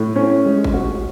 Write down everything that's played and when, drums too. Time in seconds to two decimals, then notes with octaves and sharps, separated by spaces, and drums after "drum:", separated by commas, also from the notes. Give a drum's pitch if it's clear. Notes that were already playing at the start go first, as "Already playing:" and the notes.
Already playing: A2
0.16 C#4
0.46 G#3
0.64 drum: kick
0.74 F#4